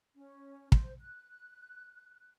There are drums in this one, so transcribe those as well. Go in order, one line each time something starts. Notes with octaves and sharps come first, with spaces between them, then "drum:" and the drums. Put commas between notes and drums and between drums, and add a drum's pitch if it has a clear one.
C#4
C5, drum: kick
F#6